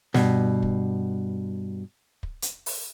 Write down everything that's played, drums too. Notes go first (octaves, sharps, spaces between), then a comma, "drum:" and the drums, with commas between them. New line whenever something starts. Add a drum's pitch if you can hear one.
G2 B2, drum: snare
drum: kick
drum: kick
drum: hi-hat
drum: open hi-hat